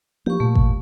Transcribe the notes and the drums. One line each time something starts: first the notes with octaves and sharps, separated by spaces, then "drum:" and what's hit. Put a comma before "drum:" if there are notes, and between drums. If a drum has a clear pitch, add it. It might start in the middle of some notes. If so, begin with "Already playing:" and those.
F3 A#3 G4 C#6
A#2 A3
drum: kick G#1